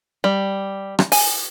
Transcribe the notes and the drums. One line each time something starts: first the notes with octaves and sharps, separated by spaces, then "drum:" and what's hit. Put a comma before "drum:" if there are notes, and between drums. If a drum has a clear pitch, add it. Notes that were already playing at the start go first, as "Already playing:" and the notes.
G3
drum: rim click
G#5, drum: open hi-hat